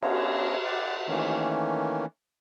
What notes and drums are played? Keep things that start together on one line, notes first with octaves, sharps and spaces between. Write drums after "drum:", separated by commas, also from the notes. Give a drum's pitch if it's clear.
B3 C#4 D4 G#4 C#5 A#5, drum: cymbal
G4 D5 F#5
D#3 E3 A3 A#3 C#4